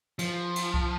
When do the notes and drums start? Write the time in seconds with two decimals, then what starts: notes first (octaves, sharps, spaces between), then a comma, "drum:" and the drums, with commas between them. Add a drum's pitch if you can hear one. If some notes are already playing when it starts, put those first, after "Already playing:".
0.19 F3, drum: cymbal
0.56 drum: cymbal
0.74 drum: kick C2